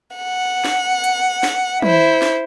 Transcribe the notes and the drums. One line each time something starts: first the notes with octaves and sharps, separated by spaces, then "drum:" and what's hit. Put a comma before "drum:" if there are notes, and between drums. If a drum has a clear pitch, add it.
F#5
drum: snare
drum: hi-hat
drum: snare
E4 C5, drum: tom
drum: snare